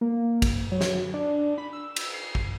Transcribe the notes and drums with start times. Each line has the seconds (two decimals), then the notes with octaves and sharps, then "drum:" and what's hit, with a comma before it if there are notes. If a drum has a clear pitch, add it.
0.01 A#3
0.42 drum: kick, cymbal
0.72 F#3
0.81 drum: snare
1.14 D4
1.58 B5
1.73 E6
1.96 drum: cymbal
2.14 C7
2.35 drum: kick